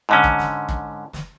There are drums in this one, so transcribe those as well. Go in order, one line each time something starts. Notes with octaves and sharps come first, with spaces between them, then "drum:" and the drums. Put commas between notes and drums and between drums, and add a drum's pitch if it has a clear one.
G#2 D3 C#4
drum: kick
drum: snare
drum: kick
drum: snare